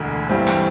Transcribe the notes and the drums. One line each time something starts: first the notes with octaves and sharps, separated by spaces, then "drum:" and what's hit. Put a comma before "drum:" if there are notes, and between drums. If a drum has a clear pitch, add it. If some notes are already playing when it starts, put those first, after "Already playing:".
Already playing: E1 D2 D3
G2 E3 G3 C4
drum: clap